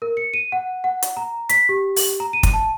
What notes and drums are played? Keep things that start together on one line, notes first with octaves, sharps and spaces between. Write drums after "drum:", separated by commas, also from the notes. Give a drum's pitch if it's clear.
A#4
C#7
D#7
F#5
F#5
drum: hi-hat
A#5
B6, drum: hi-hat
G4
drum: open hi-hat
A#5
D#7
drum: kick, hi-hat
A5